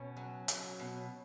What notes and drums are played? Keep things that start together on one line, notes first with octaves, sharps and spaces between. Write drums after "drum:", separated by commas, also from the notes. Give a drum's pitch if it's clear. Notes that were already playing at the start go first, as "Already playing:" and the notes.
Already playing: B2 C#4
F#3
F#3, drum: hi-hat
B2